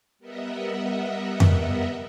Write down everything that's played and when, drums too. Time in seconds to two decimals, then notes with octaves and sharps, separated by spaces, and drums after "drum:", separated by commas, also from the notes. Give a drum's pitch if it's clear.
0.19 G3 B3 A#4 D#5 E5 F#5
1.40 drum: tom F2